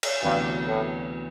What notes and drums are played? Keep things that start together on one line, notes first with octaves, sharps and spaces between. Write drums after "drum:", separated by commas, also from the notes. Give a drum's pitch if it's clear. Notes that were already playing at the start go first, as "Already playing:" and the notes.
drum: cymbal
D2 G2 C3 E3 B3 F#4
A2